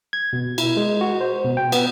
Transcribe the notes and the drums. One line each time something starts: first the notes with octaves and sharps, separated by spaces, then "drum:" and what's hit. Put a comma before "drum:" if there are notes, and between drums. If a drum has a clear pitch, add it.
G#6
B2
E4, drum: cymbal
G#3
F#4
C5
B2
G5
B3, drum: cymbal